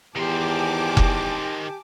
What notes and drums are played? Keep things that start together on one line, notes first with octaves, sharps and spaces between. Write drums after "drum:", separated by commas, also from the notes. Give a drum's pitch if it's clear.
E2 D#3 G4 C5 G#5 A5 D6
drum: kick F1